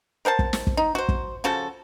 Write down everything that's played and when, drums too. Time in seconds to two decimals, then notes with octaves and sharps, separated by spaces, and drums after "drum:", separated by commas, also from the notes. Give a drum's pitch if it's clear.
0.25 A#4 C5 F#5 A5
0.39 drum: kick
0.53 drum: snare
0.67 drum: kick
0.77 D#4
0.95 F#4 C5
1.09 drum: kick
1.44 C#3 F3 F#4 A4